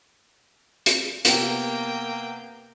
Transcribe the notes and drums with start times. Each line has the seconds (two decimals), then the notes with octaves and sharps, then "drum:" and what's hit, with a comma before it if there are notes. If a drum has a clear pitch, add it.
0.86 drum: hi-hat
1.25 C3 A#3 B3 G5, drum: hi-hat